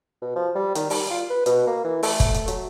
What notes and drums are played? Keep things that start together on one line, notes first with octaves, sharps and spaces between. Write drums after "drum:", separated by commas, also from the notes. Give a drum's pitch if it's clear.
B2
F3
G3
D#3, drum: hi-hat
G3, drum: open hi-hat
F4
B4
B2, drum: hi-hat
A#3
E3
A3, drum: open hi-hat
drum: kick, hi-hat
drum: hi-hat
F#3, drum: hi-hat